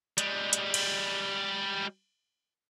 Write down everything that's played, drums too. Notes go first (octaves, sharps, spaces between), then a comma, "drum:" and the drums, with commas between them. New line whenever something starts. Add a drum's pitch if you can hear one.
G3 G#3, drum: hi-hat
drum: hi-hat
drum: cymbal